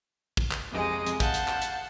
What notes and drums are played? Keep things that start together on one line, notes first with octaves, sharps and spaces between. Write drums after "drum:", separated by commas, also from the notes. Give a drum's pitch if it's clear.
drum: kick
drum: clap
F2 C3 G#3 D#5
drum: hi-hat
F5 F#5 A5 G6, drum: kick, hi-hat
drum: hi-hat
drum: clap
drum: hi-hat